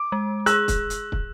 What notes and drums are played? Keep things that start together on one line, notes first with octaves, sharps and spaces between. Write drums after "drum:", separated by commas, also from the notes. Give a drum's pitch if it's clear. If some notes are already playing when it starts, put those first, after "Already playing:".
Already playing: D6
G#3
G#4 E6 F#6, drum: hi-hat
drum: kick, hi-hat
drum: hi-hat
drum: kick